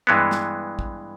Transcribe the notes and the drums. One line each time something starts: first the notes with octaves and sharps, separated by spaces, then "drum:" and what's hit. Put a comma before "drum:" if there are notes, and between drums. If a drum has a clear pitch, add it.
G2 E3 G#3 B3
drum: snare
drum: kick